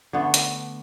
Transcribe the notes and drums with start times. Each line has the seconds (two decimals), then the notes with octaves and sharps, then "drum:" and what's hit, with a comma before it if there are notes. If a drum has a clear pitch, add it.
0.13 D3 A3 B3
0.34 drum: hi-hat